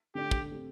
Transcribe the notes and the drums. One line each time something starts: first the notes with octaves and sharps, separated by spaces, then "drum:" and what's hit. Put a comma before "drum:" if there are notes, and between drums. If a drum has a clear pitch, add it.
D3 A3 D4 G4
drum: kick
A3 C4 G4